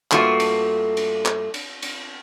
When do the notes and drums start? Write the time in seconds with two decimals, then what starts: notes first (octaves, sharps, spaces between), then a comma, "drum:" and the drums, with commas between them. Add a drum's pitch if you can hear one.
0.11 G2 A3 A#3 F4 F#4, drum: clap
0.40 drum: cymbal
0.97 drum: cymbal
1.25 drum: clap
1.54 drum: cymbal
1.82 drum: cymbal